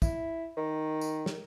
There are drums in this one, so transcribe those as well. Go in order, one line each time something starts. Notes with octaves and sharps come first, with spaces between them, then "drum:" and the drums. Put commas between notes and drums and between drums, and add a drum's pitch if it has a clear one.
E4, drum: kick, tambourine
D#3
drum: tambourine
drum: snare